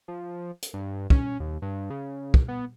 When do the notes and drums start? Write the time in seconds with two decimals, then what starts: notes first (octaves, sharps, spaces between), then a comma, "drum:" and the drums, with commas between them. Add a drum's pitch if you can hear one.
0.08 F3
0.62 drum: hi-hat
0.74 G2
1.10 C#4, drum: kick
1.40 D#2
1.62 G2
1.90 C#3
2.34 drum: kick
2.48 B3